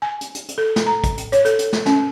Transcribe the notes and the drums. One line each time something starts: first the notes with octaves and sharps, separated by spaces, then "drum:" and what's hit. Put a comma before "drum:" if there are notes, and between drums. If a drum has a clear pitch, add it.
G#5
drum: hi-hat
drum: hi-hat
drum: hi-hat
A4
drum: snare
A#5
drum: kick, hi-hat
drum: hi-hat
C#5, drum: hi-hat
A4, drum: hi-hat
drum: hi-hat
drum: snare
C#4, drum: snare